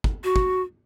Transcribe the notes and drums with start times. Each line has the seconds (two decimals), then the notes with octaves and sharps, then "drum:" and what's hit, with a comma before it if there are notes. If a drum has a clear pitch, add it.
0.04 drum: kick
0.24 F#4
0.36 drum: kick